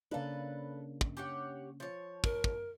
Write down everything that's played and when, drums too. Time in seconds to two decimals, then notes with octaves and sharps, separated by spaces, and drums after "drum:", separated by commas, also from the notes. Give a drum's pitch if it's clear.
0.11 C#3 A#3 D4 A4 B4
1.01 drum: kick
1.17 G4 C#5 F#5
1.80 F3 C#5
2.24 A#4, drum: kick
2.44 drum: kick